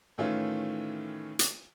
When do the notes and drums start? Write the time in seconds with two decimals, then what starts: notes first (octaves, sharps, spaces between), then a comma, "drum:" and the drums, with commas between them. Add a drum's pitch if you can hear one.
0.18 A2 D#3 E3 A3 C#4 F4
1.39 drum: hi-hat